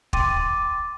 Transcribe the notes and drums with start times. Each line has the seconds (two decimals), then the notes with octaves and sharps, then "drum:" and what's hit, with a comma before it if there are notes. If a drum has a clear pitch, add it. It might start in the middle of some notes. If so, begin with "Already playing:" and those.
0.13 G5 C6 D6 A6 D#7, drum: kick